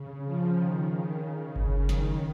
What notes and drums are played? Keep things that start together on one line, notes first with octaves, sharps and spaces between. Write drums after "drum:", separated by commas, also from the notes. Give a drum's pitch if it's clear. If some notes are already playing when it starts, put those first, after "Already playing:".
Already playing: C#3
F3
D#3
C#3
C#3
drum: kick G1
D#3, drum: snare